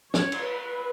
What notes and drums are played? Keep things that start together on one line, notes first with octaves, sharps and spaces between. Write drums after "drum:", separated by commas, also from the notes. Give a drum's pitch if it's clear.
C#5, drum: snare
drum: cymbal
B4